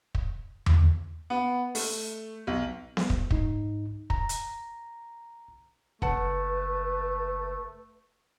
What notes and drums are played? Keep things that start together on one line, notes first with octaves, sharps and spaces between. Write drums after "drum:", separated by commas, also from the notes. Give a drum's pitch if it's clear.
drum: kick
drum: tom E2
B3
A3, drum: open hi-hat
B1
drum: snare B3
drum: kick
G#2 D#4, drum: kick
A#5, drum: kick
drum: hi-hat
F#1 A3 B4 F#5 A5, drum: kick